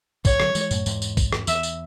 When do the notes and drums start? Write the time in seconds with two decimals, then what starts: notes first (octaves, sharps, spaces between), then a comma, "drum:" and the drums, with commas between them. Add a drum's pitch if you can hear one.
0.25 E2 G#2 C#5, drum: kick, tambourine
0.40 D3 F#3, drum: rim click
0.55 E3 G#3, drum: tambourine
0.71 F#2 A2, drum: tambourine
0.86 E2 G#2, drum: tambourine
1.02 drum: tambourine
1.17 drum: kick, tambourine
1.33 drum: rim click
1.47 E2 E5, drum: tambourine
1.63 drum: tambourine